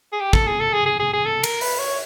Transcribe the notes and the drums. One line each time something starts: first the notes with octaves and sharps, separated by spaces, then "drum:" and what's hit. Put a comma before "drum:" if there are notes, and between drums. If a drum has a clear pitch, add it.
G#4
G4
A4, drum: kick
G#4
A4
G#4
G#4
G#4
G#4
A4
A#4, drum: cymbal
B4, drum: open hi-hat
C#5